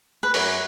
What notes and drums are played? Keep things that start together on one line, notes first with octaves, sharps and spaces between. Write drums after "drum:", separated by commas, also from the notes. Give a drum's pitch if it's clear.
B4
F#2 C#5, drum: open hi-hat